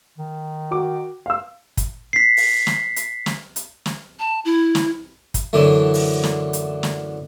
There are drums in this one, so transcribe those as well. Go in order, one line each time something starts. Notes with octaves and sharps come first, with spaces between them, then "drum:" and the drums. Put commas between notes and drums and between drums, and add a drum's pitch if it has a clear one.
D#3
F#4 D6
F5 E6
drum: kick, hi-hat
B6 C7
drum: open hi-hat
drum: snare
drum: hi-hat
drum: snare
drum: hi-hat
drum: snare
A5
E4
drum: snare
drum: kick, hi-hat
F#2 D3 E3 A3
drum: open hi-hat
drum: snare
drum: hi-hat
drum: snare